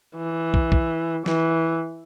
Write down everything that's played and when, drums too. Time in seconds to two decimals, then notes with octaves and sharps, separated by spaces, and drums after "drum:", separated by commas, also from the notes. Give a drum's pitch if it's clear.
0.18 E3
0.54 drum: kick
0.72 drum: kick
1.26 E3, drum: snare